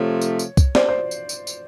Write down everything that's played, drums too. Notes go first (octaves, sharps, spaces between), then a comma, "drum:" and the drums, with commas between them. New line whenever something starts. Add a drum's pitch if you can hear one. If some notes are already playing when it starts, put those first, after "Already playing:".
Already playing: C3 F3 A3 C#5
drum: tambourine
drum: tambourine
drum: kick C2, tambourine
C5 D5, drum: snare
C5
drum: tambourine
drum: tambourine
drum: tambourine